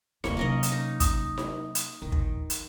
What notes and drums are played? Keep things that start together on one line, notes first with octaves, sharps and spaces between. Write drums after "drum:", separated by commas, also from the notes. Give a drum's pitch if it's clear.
D#1 B1 A#3 C#5 C#7, drum: snare D#4
C3 F#3 C#4 A#4 D#5
drum: hi-hat
D#4
D#6, drum: kick, hi-hat
drum: snare D#4
drum: hi-hat
A#1 D#2 D#3
drum: kick
drum: hi-hat